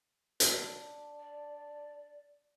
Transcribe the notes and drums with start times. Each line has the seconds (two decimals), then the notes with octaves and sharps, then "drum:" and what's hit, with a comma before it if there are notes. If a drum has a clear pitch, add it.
0.40 D4, drum: hi-hat
1.20 D5